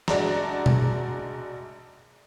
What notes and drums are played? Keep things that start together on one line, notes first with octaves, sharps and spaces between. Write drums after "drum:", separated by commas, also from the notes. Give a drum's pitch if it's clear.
A#1 G#3 F#4 D5 A5 A#5, drum: snare
drum: tom B2